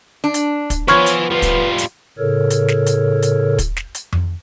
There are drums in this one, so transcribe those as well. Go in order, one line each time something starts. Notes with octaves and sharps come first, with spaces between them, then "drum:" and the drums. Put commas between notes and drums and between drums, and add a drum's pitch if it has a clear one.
D4
drum: hi-hat
drum: kick, hi-hat
F3 B3 B4 C#5 G#5 C#6 F6 G#6, drum: snare
drum: hi-hat
G3 F4 B4
drum: kick, hi-hat
drum: hi-hat
A2 C#3 A4 A#4 C#5
drum: hi-hat
drum: snare
drum: hi-hat
drum: hi-hat
drum: kick, hi-hat
drum: snare
drum: hi-hat
drum: tom F2